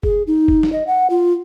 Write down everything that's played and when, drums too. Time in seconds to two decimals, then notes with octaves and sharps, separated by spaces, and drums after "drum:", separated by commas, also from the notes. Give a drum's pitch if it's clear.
0.03 G#4, drum: kick F#1
0.27 D#4
0.48 drum: kick F#1
0.63 drum: snare
0.72 D#5
0.87 F#5
1.10 F4